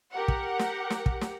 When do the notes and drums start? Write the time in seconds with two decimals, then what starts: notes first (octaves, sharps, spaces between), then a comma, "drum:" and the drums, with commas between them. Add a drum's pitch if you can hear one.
0.13 G4 A#4 F#5
0.28 drum: kick
0.59 drum: snare
0.90 drum: snare
1.06 drum: kick
1.21 drum: snare